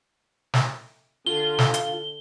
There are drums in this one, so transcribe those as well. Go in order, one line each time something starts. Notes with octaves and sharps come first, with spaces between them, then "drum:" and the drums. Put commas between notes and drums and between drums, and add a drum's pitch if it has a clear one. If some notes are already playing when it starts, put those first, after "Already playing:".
drum: snare
D3 F4 G7
drum: snare
drum: hi-hat